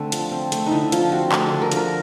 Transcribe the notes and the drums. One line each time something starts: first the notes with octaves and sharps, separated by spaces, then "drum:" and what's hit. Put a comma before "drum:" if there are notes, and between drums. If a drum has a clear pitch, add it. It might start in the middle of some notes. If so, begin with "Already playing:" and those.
Already playing: D3 A3 C4
F3, drum: hi-hat
C4
A3, drum: hi-hat
D3 D#4 E4
F3 F4, drum: hi-hat
C4 F#4
A3, drum: clap
D3 A4
A#4
F3, drum: hi-hat
A#4